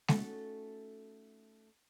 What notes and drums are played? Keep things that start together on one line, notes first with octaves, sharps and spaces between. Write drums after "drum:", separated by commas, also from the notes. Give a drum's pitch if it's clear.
A3 C#4 D#4 F#4 A4, drum: snare G#3